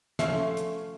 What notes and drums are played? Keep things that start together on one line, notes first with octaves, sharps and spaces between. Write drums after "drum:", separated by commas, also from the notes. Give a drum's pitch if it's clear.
F3 A3 C#4 E5, drum: snare
drum: hi-hat